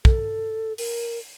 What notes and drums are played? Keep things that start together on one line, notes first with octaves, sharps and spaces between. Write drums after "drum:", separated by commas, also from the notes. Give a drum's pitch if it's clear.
A4, drum: kick
A#4, drum: open hi-hat